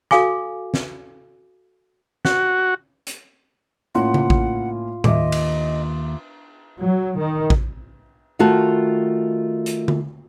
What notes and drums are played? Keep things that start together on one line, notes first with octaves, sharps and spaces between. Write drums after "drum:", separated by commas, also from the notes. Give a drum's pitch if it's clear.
F#4 A4 F5 G#5 D6, drum: rim click
drum: snare
F#4, drum: snare
drum: hi-hat
A2 A#3 C#4 F4 F#5
drum: tom C#3
drum: kick A1
D#2 D#5 E5 D6, drum: tom A2
drum: cymbal
F#3
D#3
drum: kick A1
D#3 A3 F4 F#4 A5
drum: hi-hat
drum: tom D3